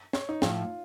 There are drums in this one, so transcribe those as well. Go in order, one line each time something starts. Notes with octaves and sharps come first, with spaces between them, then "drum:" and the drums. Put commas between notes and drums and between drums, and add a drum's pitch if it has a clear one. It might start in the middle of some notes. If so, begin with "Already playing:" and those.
C#5, drum: snare
D#4
A2 F3 A3 F4, drum: snare